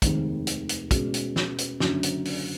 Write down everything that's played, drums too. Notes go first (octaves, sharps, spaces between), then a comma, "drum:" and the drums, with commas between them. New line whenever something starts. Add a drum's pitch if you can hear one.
F1 D#2 D#3 G#3 C4, drum: kick, hi-hat
drum: hi-hat
drum: hi-hat
B2 G#3 C#4, drum: kick, hi-hat
drum: hi-hat
drum: snare
drum: hi-hat
F#1 F#2 D3, drum: snare
drum: hi-hat
drum: open hi-hat